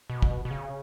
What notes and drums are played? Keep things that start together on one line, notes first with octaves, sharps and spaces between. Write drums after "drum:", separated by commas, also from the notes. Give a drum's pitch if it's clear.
B2
drum: kick
B2
C#3